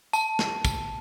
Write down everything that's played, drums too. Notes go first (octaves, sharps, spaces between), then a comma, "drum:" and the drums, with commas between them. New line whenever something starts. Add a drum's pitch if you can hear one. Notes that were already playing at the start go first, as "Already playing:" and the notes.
A5, drum: tambourine
drum: snare
drum: kick, tambourine